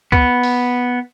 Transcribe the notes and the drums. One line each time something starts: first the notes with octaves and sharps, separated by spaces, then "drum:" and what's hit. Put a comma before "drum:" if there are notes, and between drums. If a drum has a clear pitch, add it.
B3, drum: kick C#2
drum: open hi-hat